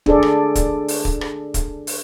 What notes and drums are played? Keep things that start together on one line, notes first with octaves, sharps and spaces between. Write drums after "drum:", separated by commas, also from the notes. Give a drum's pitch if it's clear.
D4 G#4 A4 D5, drum: kick
drum: rim click
drum: kick, hi-hat
drum: open hi-hat
drum: kick
drum: rim click
drum: kick, hi-hat
drum: open hi-hat